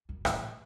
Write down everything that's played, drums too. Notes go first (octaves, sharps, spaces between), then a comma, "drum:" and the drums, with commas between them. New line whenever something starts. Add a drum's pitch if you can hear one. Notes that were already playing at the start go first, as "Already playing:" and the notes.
F#2
A2, drum: rim click